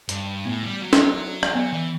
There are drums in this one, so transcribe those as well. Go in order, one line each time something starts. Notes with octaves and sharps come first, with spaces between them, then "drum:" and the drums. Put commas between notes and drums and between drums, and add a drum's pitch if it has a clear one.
G2, drum: hi-hat
A2 B3
G3
F#3
drum: snare
drum: rim click
F#3 B3
E3